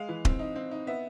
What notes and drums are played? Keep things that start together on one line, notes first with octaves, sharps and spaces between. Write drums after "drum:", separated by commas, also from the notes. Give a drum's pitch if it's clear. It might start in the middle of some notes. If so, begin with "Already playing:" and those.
Already playing: G#3 F5
E3
C4, drum: kick D#1
D#4
C4
D#4
B3 E5